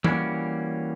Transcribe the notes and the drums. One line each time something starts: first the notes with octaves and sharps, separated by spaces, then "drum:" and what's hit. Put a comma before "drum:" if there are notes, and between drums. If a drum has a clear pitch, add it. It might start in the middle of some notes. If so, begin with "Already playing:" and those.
E3 G3 A#3 C#4 F#4, drum: tom E3